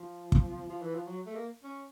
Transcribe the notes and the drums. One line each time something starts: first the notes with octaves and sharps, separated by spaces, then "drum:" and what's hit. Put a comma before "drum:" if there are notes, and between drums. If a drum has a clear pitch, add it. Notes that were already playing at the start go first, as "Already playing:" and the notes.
Already playing: F3
drum: kick
F3
E3
F3
F#3
A3
A#3
C#4